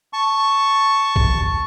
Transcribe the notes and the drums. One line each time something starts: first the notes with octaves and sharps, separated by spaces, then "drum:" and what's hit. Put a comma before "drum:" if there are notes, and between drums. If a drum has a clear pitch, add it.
A5 C#6
drum: kick B1